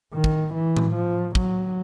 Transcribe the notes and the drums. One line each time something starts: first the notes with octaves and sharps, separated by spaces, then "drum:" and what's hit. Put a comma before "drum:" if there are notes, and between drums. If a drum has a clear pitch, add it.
D#3
drum: kick
E3
drum: tom A2
F3
F#3, drum: kick